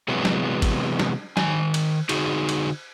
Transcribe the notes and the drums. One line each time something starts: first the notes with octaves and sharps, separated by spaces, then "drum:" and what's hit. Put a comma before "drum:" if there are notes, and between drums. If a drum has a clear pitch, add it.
C3 E3 F#3 G#3 B3
drum: snare
drum: kick G#1, cymbal
drum: snare
D#3 G#5, drum: snare
drum: cymbal
D3 D#4 F#4 G#4, drum: cymbal
drum: cymbal